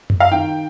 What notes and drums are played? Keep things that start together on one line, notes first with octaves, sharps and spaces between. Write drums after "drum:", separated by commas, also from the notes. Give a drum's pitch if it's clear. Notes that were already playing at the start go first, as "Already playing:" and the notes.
drum: tom F#2
F5
D#3 G5